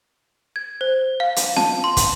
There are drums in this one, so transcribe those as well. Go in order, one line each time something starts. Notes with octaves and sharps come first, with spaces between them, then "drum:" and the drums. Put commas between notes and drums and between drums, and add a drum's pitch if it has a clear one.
G#6
C5
F5
drum: hi-hat
A5, drum: snare
C6
drum: kick, hi-hat